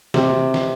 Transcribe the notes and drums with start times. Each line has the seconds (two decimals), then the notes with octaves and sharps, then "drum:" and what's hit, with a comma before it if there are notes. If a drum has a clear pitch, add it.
0.14 C3, drum: snare
0.54 drum: snare